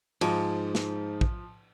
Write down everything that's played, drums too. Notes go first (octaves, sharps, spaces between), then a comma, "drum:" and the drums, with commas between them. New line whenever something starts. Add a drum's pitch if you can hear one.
G#2 F3, drum: cymbal
drum: snare
drum: kick